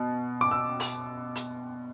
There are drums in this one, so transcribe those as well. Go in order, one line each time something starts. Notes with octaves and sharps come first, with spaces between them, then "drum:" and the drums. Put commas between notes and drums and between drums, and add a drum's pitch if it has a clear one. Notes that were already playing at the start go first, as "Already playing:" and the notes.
Already playing: B2
D6
E6
drum: open hi-hat
drum: hi-hat